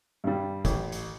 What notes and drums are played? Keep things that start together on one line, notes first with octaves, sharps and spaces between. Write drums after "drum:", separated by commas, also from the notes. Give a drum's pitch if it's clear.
G2 G3
A1, drum: kick F1, hi-hat
drum: hi-hat